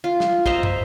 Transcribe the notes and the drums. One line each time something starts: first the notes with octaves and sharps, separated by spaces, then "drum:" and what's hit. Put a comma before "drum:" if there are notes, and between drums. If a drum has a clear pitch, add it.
F4
drum: snare
C5 D#5 E5 A#5, drum: kick
drum: tom